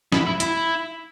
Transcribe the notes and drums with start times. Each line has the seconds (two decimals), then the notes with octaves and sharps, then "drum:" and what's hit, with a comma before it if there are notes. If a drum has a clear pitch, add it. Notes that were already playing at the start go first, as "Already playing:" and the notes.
0.12 E4, drum: snare
0.26 E4
0.40 E4, drum: hi-hat